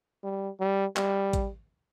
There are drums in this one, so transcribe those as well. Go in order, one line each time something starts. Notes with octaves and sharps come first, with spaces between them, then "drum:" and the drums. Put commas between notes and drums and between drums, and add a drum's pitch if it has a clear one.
G3
G3
G3, drum: clap
drum: kick A1, hi-hat